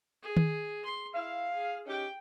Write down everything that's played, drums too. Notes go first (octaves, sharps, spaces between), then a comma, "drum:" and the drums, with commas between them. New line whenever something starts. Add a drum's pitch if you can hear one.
G#4
drum: tom D#3
C6
E4 F5
G#4
C#4 D#4 G4 G5